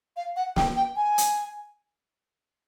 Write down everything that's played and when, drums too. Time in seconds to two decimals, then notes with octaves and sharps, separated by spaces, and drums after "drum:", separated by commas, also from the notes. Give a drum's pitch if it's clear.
0.17 F5
0.36 F#5
0.56 G5, drum: snare
0.76 G5
0.96 G#5
1.18 drum: hi-hat